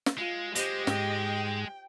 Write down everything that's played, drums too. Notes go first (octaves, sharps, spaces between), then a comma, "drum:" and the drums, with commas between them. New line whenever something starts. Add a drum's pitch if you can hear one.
drum: snare
G#3 F4
G#3 G4 C5 D#5, drum: hi-hat
G#2 G5, drum: snare